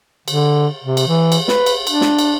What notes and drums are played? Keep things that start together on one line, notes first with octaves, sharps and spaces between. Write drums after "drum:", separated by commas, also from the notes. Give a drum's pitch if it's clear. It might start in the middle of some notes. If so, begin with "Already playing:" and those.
D3, drum: cymbal
C3
drum: cymbal
E3
drum: cymbal
B4, drum: snare
drum: cymbal
D4, drum: cymbal
drum: snare
drum: cymbal